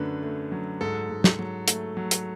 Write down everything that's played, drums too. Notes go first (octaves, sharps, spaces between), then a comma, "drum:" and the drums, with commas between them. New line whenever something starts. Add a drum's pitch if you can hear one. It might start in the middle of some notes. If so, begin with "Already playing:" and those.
Already playing: F#2 D3 F#3 A3 B4
A3
F#3
G#2 A4
G#2
drum: snare
F#3
A3, drum: hi-hat
F#3
drum: hi-hat